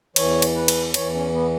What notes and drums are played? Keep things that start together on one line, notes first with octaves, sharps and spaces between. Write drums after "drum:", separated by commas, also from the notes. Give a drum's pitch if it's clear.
E2 E3 C#5, drum: cymbal
drum: cymbal
B4
drum: cymbal
E2 E3 C#5, drum: cymbal
C#4
B3